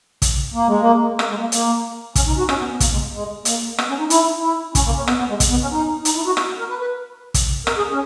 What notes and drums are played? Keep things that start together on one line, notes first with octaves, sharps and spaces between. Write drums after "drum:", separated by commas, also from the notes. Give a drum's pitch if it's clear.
drum: kick, hi-hat
A#3
G#3
A#3
A#3, drum: rim click
G#3
A#3
A#3, drum: hi-hat
C#4, drum: kick, hi-hat
D#4
F#4
C#4, drum: rim click
B3
B3
A#3, drum: kick, hi-hat
G#3
G#3
A#3, drum: hi-hat
B3, drum: rim click
C#4
D#4
E4, drum: hi-hat
E4
C#4, drum: kick, hi-hat
A#3
C#4
B3, drum: rim click
B3
G#3
drum: kick, hi-hat
B3
C#4
D#4
D#4, drum: hi-hat
E4
F#4
F#4, drum: rim click
F#4
A#4
B4
B4
drum: kick, hi-hat
A#4, drum: rim click
G#4
C#4